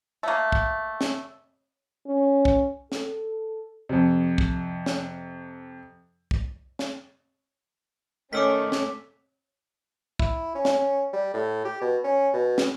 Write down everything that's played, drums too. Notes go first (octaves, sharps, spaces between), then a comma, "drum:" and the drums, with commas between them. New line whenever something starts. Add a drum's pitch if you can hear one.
A3 A#3
drum: kick
drum: snare
C#4
drum: kick
A4, drum: snare
F2 C3
drum: kick
drum: snare
drum: kick
drum: snare
D#3 A3 C#4 D6 E6 B6
drum: snare
E4, drum: kick
C#4
drum: snare
G3
A2
G4
B2
C#4
B2
drum: snare